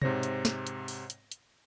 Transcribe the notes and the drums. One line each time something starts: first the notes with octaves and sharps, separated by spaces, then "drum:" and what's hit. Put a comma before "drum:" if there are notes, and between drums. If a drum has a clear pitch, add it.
G#2 C3 C5 C#5 A#6, drum: tom B2
drum: hi-hat
drum: snare
drum: hi-hat
drum: open hi-hat
drum: hi-hat
drum: hi-hat